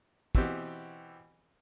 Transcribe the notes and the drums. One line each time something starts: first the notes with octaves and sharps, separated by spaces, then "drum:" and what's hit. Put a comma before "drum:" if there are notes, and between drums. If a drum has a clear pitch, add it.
B2 E3 B3 C4 F#4 G4, drum: kick